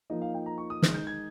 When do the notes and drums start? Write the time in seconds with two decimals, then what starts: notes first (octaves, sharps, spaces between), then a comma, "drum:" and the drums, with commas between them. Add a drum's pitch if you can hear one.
0.10 F3 A#3 D#4 D#5
0.22 F5
0.34 G5
0.46 A#5
0.58 C#6
0.70 D#6
0.82 D#3 G#3 D#4 F6, drum: snare
0.94 G6
1.07 G#6